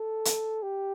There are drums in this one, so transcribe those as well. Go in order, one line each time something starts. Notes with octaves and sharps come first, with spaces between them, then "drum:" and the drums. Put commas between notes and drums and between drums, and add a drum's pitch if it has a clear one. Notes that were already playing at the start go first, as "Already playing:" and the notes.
Already playing: A4
drum: hi-hat
G4